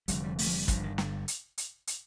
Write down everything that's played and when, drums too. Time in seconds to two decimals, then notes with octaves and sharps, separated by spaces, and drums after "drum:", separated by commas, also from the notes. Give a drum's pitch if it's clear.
0.08 F1 F2 D3 G3, drum: hi-hat
0.24 G3
0.39 A3, drum: open hi-hat
0.47 F3
0.53 G3
0.68 G1 G2 D3 F3, drum: kick, hi-hat
0.83 D#3
0.98 D3, drum: snare
1.28 drum: hi-hat
1.58 drum: hi-hat
1.87 drum: hi-hat